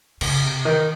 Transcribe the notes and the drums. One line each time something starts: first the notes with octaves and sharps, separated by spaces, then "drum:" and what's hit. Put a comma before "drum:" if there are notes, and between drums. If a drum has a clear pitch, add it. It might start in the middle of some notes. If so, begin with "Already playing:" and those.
C#3, drum: cymbal
C3
D#3